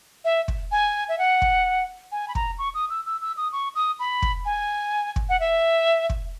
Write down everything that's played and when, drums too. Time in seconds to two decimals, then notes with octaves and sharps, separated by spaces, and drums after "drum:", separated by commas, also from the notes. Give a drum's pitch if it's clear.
0.25 E5
0.48 drum: kick
0.72 G#5
1.09 E5
1.19 F#5
1.42 drum: kick
2.12 G#5
2.28 B5
2.35 A#5, drum: kick
2.59 C#6
2.74 D#6
2.90 E6
3.06 E6
3.21 E6
3.37 D#6
3.52 C#6
3.75 D#6
4.00 B5
4.22 drum: kick
4.45 G#5
5.16 drum: kick
5.29 F#5
5.40 E5
6.10 drum: kick